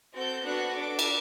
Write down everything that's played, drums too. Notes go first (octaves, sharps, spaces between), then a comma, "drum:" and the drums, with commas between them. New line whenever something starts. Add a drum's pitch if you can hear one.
C4 F#4 A4 G6
B3 D4 F#4 A4 F#6
D4 A4 D6
drum: cymbal